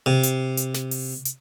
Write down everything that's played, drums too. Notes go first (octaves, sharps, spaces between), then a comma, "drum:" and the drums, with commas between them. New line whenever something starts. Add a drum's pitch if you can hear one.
C3
drum: hi-hat
drum: hi-hat
drum: snare
drum: open hi-hat
drum: hi-hat